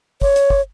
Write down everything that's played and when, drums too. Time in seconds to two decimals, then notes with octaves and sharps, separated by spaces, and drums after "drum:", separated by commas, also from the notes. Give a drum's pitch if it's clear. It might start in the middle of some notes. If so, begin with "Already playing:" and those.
0.22 C#5, drum: kick
0.36 drum: hi-hat
0.50 drum: kick